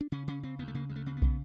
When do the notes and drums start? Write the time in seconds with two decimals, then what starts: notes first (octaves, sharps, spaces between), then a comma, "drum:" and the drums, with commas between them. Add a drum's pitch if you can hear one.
0.01 D4
0.12 C#3 C#4
0.28 C#3 C#4
0.43 C#3 C4
0.59 D2 B3
0.68 A3
0.75 C#3 A#3
0.89 D2 G#3
0.96 A3
1.06 C#3 C4
1.17 B3
1.22 C#3, drum: kick